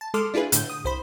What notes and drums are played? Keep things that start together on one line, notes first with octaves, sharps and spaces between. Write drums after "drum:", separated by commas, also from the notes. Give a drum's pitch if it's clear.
A5
G#3 A4 C6 D6 F6
D4 E4 F4 G#4 B4
A2 D3 G6, drum: hi-hat
D#6
C2 C5 B5